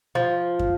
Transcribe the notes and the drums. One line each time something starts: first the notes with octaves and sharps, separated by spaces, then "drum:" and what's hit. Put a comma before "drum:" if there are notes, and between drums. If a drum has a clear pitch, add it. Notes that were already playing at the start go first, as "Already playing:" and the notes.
F3
drum: kick